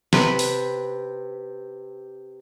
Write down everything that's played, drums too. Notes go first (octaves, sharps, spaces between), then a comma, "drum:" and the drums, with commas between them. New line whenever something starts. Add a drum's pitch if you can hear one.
C3 B4, drum: snare
drum: open hi-hat